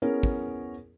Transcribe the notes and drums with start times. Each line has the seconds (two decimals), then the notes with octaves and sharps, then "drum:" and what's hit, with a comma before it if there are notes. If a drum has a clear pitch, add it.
0.02 B3 C#4 E4 G#4 A#4 C#5
0.23 drum: kick